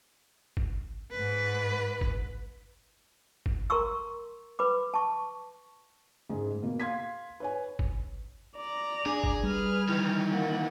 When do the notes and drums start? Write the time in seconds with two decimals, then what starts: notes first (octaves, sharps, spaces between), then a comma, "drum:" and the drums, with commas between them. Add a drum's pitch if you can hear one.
0.57 drum: kick
1.11 G#2 B4
2.01 drum: kick
3.46 drum: kick
3.70 A#4 A#5 C6 C#6 E6
4.59 B4 B5 D6
4.94 A5 C#6
6.29 F#1 G#2 G#4
6.62 B2 A#3
6.80 F5 C6 G#6 B6
7.40 B4 C#5 G#5
7.79 drum: kick
8.56 D5 A#5
9.06 D4 G#4
9.24 drum: kick
9.43 G3 B4 F6
9.89 D#3 E3
10.32 A#3 F#5